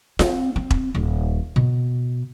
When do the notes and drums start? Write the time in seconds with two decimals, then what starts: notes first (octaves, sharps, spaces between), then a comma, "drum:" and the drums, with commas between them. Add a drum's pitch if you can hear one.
0.19 C4, drum: snare F4
0.56 C4
0.71 drum: kick E1
0.95 D#1
1.56 B2